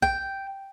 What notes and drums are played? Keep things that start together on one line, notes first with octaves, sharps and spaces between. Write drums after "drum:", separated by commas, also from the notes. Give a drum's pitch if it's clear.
G5, drum: kick A#1